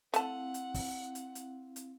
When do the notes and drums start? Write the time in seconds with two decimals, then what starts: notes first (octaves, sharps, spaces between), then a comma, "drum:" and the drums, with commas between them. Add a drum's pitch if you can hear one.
0.14 A3 C4 E4 F5 F#5 A5, drum: hi-hat
0.54 drum: hi-hat
0.74 drum: kick, open hi-hat
1.15 drum: hi-hat
1.35 drum: hi-hat
1.76 drum: hi-hat